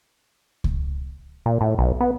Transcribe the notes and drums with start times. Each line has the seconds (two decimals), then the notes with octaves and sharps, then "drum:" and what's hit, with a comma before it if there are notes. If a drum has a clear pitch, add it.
0.64 drum: kick C#2
1.46 A#2
1.61 A2
1.79 B1
2.00 B3